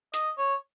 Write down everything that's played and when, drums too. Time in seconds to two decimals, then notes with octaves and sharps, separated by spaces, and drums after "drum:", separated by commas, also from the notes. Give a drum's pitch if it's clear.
0.14 D#5, drum: hi-hat
0.38 C#5